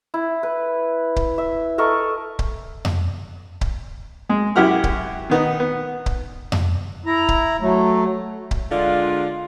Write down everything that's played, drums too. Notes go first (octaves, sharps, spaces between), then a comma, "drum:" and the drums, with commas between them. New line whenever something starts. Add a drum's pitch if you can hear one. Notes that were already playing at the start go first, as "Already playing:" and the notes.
E4
B4
drum: kick C#1
E5
A4 A#4 D#5 C#6
drum: kick C#1
drum: tom F2
drum: kick C#1
G#3
F#2 E4 G4 F#5 F6
drum: kick C#1
D#3 B3 D#4
B3
drum: kick C#1
drum: tom F2
E4 A#5
drum: kick C#1
F#3 A3
drum: kick C#1
D3 G#3 D4 F4